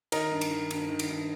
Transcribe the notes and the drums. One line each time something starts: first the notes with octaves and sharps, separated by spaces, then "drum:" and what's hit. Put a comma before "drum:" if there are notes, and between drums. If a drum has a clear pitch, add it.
D#3 A#4 D#5, drum: cymbal
G2
drum: cymbal
D#3
G2, drum: cymbal
D#3
drum: cymbal
G2